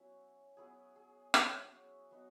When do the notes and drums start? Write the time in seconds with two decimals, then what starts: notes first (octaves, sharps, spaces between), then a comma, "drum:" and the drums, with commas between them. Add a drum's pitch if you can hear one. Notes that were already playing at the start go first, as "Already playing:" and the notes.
Already playing: F#3 B3 C#4 E4
0.57 F#3 B3 E4 G#4
0.96 G#4
1.34 F#3 C#4 E4 F#4, drum: rim click
2.11 F#3 B3 D#4